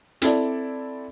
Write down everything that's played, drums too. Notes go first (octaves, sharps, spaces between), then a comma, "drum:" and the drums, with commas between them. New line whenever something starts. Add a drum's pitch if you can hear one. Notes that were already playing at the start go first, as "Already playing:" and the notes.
C4 E4 A4 D5, drum: hi-hat